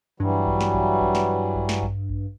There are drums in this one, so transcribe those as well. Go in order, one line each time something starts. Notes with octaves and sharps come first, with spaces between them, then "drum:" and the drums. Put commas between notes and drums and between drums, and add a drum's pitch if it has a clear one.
G2 E3 F#3 G3
drum: kick A1
drum: snare
drum: kick A1
drum: kick A1
drum: snare
drum: kick A1
drum: snare
drum: kick A1
drum: kick A1